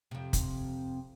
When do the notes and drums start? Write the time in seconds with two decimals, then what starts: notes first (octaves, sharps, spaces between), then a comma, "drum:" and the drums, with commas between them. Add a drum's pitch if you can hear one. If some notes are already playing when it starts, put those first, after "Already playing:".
0.11 F2 C3
0.33 drum: kick, hi-hat